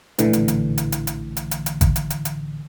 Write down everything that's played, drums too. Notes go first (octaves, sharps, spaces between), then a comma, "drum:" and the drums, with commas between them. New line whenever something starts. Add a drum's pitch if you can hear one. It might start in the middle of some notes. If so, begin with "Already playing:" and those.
A#1 A2 D3 E3, drum: hi-hat
drum: hi-hat
drum: hi-hat
drum: hi-hat
drum: hi-hat
drum: hi-hat
drum: hi-hat
drum: hi-hat
drum: hi-hat
drum: kick G#1, hi-hat
drum: hi-hat
drum: hi-hat
drum: hi-hat